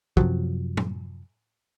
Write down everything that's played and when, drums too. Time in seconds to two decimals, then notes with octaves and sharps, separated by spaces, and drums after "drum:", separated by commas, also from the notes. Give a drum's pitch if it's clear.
0.17 F#2 C3 F3 F#3, drum: kick
0.77 drum: tom